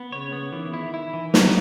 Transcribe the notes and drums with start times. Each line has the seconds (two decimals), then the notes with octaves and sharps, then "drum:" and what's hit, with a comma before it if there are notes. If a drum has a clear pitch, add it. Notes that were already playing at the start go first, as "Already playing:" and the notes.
Already playing: B3
0.11 C#3 C#5
0.32 B3
0.52 D#3 E3
0.74 E4
0.94 E4
1.14 E3
1.34 A#4, drum: snare